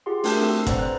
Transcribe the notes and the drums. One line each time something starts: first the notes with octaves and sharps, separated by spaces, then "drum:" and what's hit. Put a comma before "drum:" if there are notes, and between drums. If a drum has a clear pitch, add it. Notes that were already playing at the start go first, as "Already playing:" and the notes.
F4 G4 G#4 F#5 C6
A3 D4 F#4 A#4 F#6 G6, drum: open hi-hat
C4 A4 E6
B4 C5 D5 F#5 A#5, drum: kick, hi-hat
D5 F#6